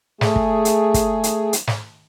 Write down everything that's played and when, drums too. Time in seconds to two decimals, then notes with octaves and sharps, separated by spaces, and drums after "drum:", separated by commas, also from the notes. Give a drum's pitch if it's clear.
0.21 A3 G#4, drum: snare
0.36 drum: kick
0.65 drum: hi-hat
0.94 drum: kick, hi-hat
1.24 drum: hi-hat
1.53 drum: hi-hat
1.67 drum: snare